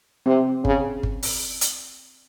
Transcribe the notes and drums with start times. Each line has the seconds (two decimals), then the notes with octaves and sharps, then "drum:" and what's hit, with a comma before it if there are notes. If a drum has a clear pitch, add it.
0.26 C3 C4
0.65 C#3, drum: kick G1
1.03 drum: kick G1
1.23 drum: open hi-hat
1.61 drum: hi-hat